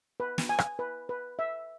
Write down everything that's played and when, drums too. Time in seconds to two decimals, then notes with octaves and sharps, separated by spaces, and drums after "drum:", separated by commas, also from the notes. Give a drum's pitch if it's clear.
0.20 B4
0.38 drum: snare
0.49 G#5
0.59 drum: rim click
0.79 B4
1.09 B4
1.39 E5